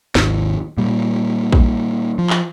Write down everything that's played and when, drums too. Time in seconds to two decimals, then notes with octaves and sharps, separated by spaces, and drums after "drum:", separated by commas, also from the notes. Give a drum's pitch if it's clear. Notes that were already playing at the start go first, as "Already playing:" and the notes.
0.15 G#1 D#2, drum: snare
0.78 A#2 G3
1.52 drum: kick
2.18 F3
2.30 drum: clap